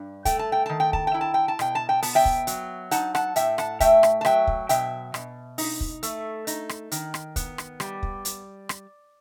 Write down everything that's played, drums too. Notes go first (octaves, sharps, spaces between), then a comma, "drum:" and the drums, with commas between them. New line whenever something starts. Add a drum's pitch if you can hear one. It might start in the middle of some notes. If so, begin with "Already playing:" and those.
Already playing: G2
A3 G5, drum: kick, hi-hat
A5
G5
D#3 A5
G5
A5, drum: kick
G5
E4
A5
G5
A5
B2 G5, drum: rim click
A5
G5
B3 A5, drum: open hi-hat
E5 G5
drum: kick
F#3, drum: hi-hat
D#4 F#5 A5, drum: hi-hat
F#5 A5, drum: rim click
A2 E5 G5, drum: hi-hat
F#5 A5, drum: rim click
A3 E5 G5, drum: kick, hi-hat
drum: rim click
A5
F#3 E5 G5, drum: rim click
drum: kick
B2 E5 G5, drum: hi-hat
B2, drum: rim click
D#4, drum: open hi-hat
drum: kick
A3, drum: hi-hat
D#4, drum: hi-hat
drum: rim click
D#3, drum: hi-hat
drum: rim click
B3, drum: kick, hi-hat
drum: rim click
G3, drum: rim click
drum: kick
drum: hi-hat
drum: rim click